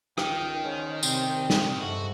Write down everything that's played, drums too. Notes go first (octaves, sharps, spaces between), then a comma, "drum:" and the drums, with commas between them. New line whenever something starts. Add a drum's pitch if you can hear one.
C#2 D#3 G5, drum: rim click
E2 F3 G#3 C#4
C2 C3 C4, drum: tambourine
G2 C#3, drum: snare
G2 G#3 A3 C4 F#4